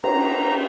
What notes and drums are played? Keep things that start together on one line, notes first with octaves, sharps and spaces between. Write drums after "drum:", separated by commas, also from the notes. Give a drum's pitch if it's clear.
A#5, drum: cymbal